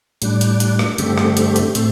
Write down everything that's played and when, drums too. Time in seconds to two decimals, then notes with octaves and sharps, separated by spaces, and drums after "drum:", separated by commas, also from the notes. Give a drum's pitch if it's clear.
0.22 A2 G3 D4, drum: hi-hat
0.41 drum: hi-hat
0.60 drum: hi-hat
0.79 drum: rim click
0.98 G2 D3 A3 C4 G4, drum: hi-hat
1.18 drum: rim click
1.37 drum: hi-hat
1.56 drum: hi-hat
1.75 A2 A3 C4, drum: hi-hat